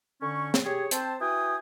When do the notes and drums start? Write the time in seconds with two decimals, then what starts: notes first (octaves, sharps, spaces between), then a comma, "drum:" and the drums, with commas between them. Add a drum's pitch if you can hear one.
0.21 D3 C#4 C#6
0.54 drum: snare
0.65 G4 G#4 C#5
0.91 C4 C5 A5, drum: hi-hat
1.21 E4 F#4 B4 G5 G#5 D#6